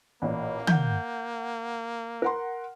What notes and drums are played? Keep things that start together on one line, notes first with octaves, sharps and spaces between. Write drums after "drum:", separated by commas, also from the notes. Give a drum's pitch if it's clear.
A1 A#2 A#3
F#5 G6, drum: tom
A#4 F#5 C6